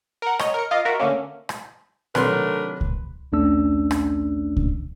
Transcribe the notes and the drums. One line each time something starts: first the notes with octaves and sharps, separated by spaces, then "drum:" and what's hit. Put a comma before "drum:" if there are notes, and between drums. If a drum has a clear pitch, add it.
A#4 F#5
C#5 D#5, drum: rim click
A#4 C#7
F4 D#5 F5 D6
F4 F#4 A#4 E5
D3 A3 A#3 C#4
drum: rim click
C3 D#3 F#3 A3 D4 A#4 B4 C6, drum: rim click
drum: kick C#2
A#1 D#2 A3 C#4 D4 E6
drum: rim click
drum: kick C#2